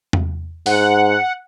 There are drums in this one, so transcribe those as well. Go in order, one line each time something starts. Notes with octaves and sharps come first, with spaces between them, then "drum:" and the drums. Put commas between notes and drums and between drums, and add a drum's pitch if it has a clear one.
drum: tom E2
G#2 F#5, drum: open hi-hat